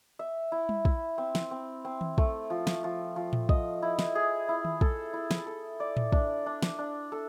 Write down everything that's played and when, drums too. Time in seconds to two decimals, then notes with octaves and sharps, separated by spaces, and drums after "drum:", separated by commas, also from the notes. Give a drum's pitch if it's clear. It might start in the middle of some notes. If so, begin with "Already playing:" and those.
0.19 E5
0.52 E4
0.69 drum: tom G3
0.85 E4, drum: kick
1.18 C4
1.35 drum: snare
1.51 C4
1.85 C4
2.01 drum: tom D#3
2.18 A3, drum: kick
2.50 F3
2.67 drum: snare
2.84 F3
3.16 F3
3.33 drum: tom A2
3.49 D#5, drum: kick
3.82 E4
3.99 drum: snare
4.15 G#4
4.49 E4
4.65 drum: tom D#3
4.81 A4, drum: kick
5.14 E4
5.31 drum: snare
5.47 A4
5.80 D5
5.97 drum: tom A2
6.12 D4, drum: kick
6.46 D4
6.63 drum: snare
6.79 D4
7.12 A4